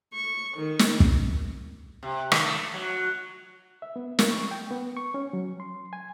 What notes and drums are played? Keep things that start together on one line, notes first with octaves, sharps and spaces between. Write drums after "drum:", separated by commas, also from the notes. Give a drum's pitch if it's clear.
C#6
D#3
drum: snare
drum: kick
C3
D#3, drum: rim click
A3
F#3
E5
B3
A#3, drum: snare
C#6
G5
B3
C#6
C#4
F#3
C6
G#5